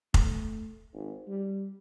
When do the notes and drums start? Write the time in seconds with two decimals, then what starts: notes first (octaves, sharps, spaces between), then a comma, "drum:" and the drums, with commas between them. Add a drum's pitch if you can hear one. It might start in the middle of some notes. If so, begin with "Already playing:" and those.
0.14 A3, drum: kick F1
0.93 G#1
1.27 G3